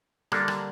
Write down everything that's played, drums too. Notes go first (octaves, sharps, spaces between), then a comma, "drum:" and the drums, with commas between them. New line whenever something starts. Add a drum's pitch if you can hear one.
D3 G3 A#3 D4 A4, drum: rim click
drum: rim click